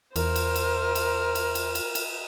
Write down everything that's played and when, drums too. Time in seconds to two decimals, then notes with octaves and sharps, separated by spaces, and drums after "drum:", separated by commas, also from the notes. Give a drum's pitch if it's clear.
0.16 E2 A#4 C5 F6, drum: cymbal
0.36 drum: cymbal
0.56 drum: cymbal
0.95 drum: cymbal
1.35 drum: cymbal
1.55 drum: cymbal
1.75 drum: cymbal
1.95 drum: cymbal